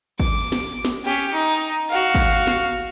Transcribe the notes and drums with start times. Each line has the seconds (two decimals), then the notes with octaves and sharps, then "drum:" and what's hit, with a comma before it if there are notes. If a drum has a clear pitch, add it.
0.20 D6, drum: kick, hi-hat
0.52 drum: snare
0.85 drum: snare
1.05 C#4 G4
1.33 D#4
1.50 drum: hi-hat
1.89 F#4 F5
2.15 drum: kick, hi-hat
2.47 drum: snare